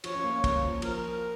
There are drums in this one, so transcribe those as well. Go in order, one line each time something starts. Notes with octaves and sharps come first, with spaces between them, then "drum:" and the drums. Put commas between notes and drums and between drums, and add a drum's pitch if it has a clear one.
F3 C#5, drum: cymbal
C#4
A#3
A#3, drum: kick, cymbal
F3
F3 A#4, drum: cymbal